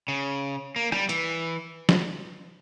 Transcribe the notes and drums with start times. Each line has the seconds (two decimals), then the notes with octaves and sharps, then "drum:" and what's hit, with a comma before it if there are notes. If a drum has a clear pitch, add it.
0.08 C#3
0.76 A#3
0.92 G3, drum: rim click
1.09 E3, drum: hi-hat
1.89 drum: snare